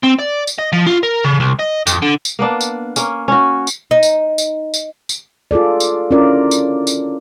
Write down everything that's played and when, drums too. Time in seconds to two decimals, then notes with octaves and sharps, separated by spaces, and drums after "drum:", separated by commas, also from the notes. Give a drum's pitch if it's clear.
0.04 C4
0.19 D5
0.47 drum: tambourine
0.59 D#5
0.73 F3
0.86 F4
1.03 A#4
1.24 C#3
1.40 C2
1.59 D#5
1.87 F2, drum: tambourine
2.02 D3
2.25 drum: tambourine
2.39 A#3 B3 D4
2.61 drum: tambourine
2.96 A#3 C#4, drum: tambourine
3.28 C#4 F#4
3.67 drum: tambourine
3.91 D#4
4.03 drum: tambourine
4.38 drum: tambourine
4.74 drum: tambourine
5.09 drum: tambourine
5.51 F4 G#4 A4 D5
5.80 drum: tambourine
6.11 C#4 D4 E4 F4 A#4 D5
6.51 drum: tambourine
6.87 drum: tambourine